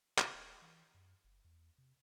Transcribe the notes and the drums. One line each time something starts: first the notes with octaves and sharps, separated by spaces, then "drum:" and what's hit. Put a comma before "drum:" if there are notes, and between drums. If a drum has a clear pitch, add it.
C3, drum: clap
D#1
E3
F#2
F#1
E2
C3